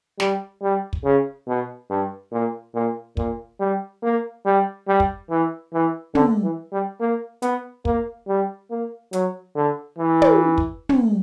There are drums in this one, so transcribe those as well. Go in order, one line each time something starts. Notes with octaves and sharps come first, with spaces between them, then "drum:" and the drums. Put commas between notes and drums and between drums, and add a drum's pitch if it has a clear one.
G3, drum: snare
G3
drum: kick
C#3
B2
G2
A#2
A#2
A#2, drum: kick
G3
A#3
G3
G3
drum: kick
E3
E3
D3, drum: tom
E3
G3
A#3
B3, drum: hi-hat
A#3, drum: kick
G3
A#3
F#3, drum: hi-hat
D3
E3
drum: tom
drum: kick
drum: tom